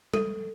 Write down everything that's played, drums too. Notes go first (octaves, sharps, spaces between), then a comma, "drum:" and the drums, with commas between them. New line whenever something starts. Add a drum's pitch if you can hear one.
A4, drum: tom G3